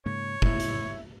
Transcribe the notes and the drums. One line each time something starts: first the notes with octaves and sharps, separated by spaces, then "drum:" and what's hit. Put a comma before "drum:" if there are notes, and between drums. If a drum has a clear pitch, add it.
G#2 C#3 A#3 C#5
A2 C#3 E4, drum: kick
drum: hi-hat